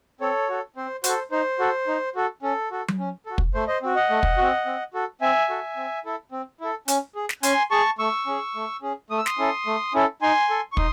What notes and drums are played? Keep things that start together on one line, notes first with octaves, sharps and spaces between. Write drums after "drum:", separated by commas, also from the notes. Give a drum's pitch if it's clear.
C4 A4 C#5
F#4 A4
C4 C5
F#4 C5, drum: hi-hat
A4
D#4 C5
F#4 A4
D#4
F#4 A4
C#4 A4
F#4 A4
drum: tom F#3
C#4
F#4 A4
drum: kick
A3 C5
C5 D#5
C4 F#4
D#5 F#5
A3
drum: kick
C4 F#4
C4
F#4 A4
C4 E5 G#5
F#4 A4
C4
E4 A4
C4
E4 A4
C#4, drum: hi-hat
G#4
drum: snare
C#4 G#5 C6, drum: hi-hat
G#4 A5 C#6
A3 C#6 E6
C#4 G#4
A3
C#4 G#4
A3 D#6
E6
C6 D#6, drum: snare
C#4 E4 A4
A3
C#4 E4 A4
D#4 G#5 C6
A4
C#6
D#4 C6 D#6, drum: kick